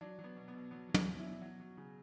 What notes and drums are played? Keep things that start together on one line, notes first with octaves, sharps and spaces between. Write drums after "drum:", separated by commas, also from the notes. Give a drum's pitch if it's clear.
F#3 D4
F#3
B3
B2
B3
B2
F#3 B3
F#3
C#4, drum: tom
B2
B2 E4
F#3 F#4
F#3
C#3